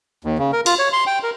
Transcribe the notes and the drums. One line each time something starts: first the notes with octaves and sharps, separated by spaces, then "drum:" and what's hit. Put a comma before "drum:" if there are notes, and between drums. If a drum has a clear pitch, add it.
D#2
C#3
A#4
F4, drum: cymbal
C#5
C6
G5
A#4